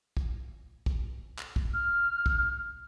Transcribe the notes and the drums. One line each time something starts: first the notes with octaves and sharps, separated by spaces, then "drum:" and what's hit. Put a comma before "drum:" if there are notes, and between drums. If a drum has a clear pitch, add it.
drum: kick
drum: kick
drum: clap
drum: kick
F6
drum: kick